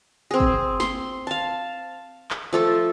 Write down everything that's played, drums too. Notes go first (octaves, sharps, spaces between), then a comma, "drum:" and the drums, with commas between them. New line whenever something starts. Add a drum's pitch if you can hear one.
C4 G#4
drum: kick
C6, drum: snare
F5 A5
drum: clap
F3 A3 A4